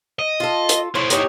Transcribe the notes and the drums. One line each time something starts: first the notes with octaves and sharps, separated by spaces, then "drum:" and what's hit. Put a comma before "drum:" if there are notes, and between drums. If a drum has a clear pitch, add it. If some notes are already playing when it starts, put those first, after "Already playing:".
D#5
F4 A4
drum: hi-hat
A#3 E4 C5 C#5
D#4 G4 C#5, drum: hi-hat